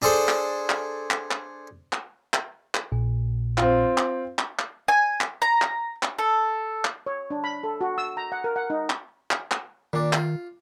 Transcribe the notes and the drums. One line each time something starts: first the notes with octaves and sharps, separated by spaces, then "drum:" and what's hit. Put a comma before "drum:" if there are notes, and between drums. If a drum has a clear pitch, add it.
D4 G#4 A4 C5
drum: clap
drum: clap
drum: clap
drum: clap
drum: clap
drum: clap
drum: clap
A#1 A#2
C4 F4, drum: clap
drum: clap
drum: clap
drum: clap
G#5
drum: clap
A#5
drum: clap
drum: clap
A4
drum: clap
C#5
D4
B5
A4
F#4
E6
A#5
F#5
A#4
F#5
D#4
drum: clap
drum: clap
drum: clap
A#2 D#3 D4
F4, drum: clap